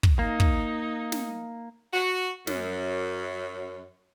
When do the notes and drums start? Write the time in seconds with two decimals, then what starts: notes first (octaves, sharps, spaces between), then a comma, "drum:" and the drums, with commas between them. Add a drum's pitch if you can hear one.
0.03 drum: kick
0.19 A#3 D#4
0.40 drum: kick
1.12 drum: snare
1.93 F#4
2.47 F#2, drum: snare